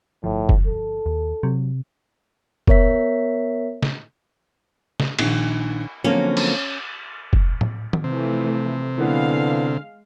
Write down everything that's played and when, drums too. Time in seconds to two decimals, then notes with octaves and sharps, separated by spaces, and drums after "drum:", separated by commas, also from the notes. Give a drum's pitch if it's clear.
0.24 G1 A2 F3
0.49 drum: kick F1
0.67 A4
1.06 D#2
1.43 C3 F#3
2.67 B3 A#4 C#5 E5 B6, drum: kick F1
3.83 drum: snare
5.00 drum: snare
5.19 A#1 D#3, drum: cymbal
6.04 D3 F3 F#3 A#3 C4 C#4
6.37 drum: cymbal
7.33 drum: kick F1
7.61 drum: tom A2
7.93 drum: tom D#3
8.04 C3 E3 F3 A3
8.98 D3 E3 G#3 B3 F5